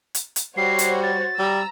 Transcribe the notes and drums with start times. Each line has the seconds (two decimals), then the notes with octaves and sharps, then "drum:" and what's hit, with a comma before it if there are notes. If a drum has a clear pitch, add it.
0.15 drum: hi-hat
0.36 drum: hi-hat
0.57 G3 F#4 C5 C#5 C7
0.79 drum: hi-hat
1.03 A6
1.39 G3 A#5 E6